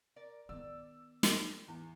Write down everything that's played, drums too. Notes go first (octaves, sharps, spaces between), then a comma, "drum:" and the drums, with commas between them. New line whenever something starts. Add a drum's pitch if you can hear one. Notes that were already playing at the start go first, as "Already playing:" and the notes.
A#4 D5
D#3 B3 D5 E6
drum: snare
E2